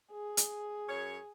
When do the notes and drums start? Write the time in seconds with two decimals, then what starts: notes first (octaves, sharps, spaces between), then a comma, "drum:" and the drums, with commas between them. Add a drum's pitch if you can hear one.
0.13 G#4
0.37 drum: hi-hat
0.89 F#2 C#5